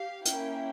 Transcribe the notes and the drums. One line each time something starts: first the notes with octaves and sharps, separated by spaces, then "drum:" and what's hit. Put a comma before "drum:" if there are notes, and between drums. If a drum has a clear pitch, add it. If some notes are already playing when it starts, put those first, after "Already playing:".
Already playing: G4 F5
A#3 C#4 E4 G5, drum: hi-hat